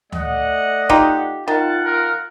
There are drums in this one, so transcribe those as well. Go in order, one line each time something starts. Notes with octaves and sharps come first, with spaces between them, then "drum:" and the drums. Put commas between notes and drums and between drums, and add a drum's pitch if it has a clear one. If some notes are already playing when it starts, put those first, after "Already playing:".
A3 D5 D#5 F#5, drum: tom D2
D#4 F4 G4, drum: kick
D#3 F4 F#5 A5
A#4